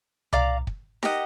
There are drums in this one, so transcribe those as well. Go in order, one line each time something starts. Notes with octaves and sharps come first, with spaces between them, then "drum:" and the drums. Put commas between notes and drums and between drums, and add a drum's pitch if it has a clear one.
D5 F5 A#5 D6, drum: tom C2
drum: kick
G4 A#4 D#5 F#5, drum: snare D#4